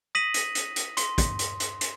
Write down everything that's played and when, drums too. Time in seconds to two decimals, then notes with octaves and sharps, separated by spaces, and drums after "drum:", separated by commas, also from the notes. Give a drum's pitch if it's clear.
0.15 D#6 A#6 B6 D#7 F#7
0.34 drum: hi-hat
0.55 drum: hi-hat
0.76 drum: hi-hat
0.97 C6, drum: hi-hat
1.18 drum: kick, hi-hat
1.39 drum: hi-hat
1.60 drum: hi-hat
1.81 drum: hi-hat